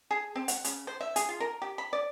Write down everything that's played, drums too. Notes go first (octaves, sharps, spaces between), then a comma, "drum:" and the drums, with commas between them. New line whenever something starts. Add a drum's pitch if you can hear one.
G#4
C4
F#5, drum: hi-hat
C#3, drum: hi-hat
C5
E5
G#4, drum: hi-hat
F4
A#4
G4
B5
D5